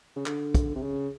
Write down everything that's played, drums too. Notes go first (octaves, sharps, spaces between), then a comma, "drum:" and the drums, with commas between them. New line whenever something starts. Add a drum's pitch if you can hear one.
C#3
D3, drum: clap
drum: kick, hi-hat
C3
C#3